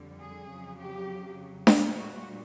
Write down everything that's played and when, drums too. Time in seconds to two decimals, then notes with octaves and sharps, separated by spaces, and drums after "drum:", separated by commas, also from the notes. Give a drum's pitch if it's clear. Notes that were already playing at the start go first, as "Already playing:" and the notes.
Already playing: F2 D3 G3
0.20 G#4
0.49 F2 C#3 F#3
0.79 G4
1.67 A#2 G3, drum: snare D4
1.96 F#4